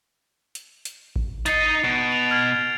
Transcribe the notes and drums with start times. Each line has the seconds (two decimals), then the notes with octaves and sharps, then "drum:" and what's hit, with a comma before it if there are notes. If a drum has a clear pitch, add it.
0.55 drum: hi-hat
0.85 drum: hi-hat
1.16 drum: kick A1
1.46 D#4 D#5 A6 C7 C#7, drum: hi-hat
1.84 B2 D7
2.12 F7
2.31 F6 G#6